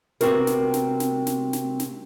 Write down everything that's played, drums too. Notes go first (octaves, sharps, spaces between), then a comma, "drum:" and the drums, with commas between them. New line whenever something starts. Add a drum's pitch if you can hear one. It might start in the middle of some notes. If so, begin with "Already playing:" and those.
C3 A3 B3 C4 F#4 A#4, drum: snare
drum: snare
drum: snare
drum: snare
drum: snare
drum: snare
drum: snare